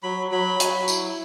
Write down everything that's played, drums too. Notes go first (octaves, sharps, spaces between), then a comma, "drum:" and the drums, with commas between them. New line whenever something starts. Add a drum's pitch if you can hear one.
F#3 B5
F#3 B5
F#3, drum: hi-hat
E4, drum: tambourine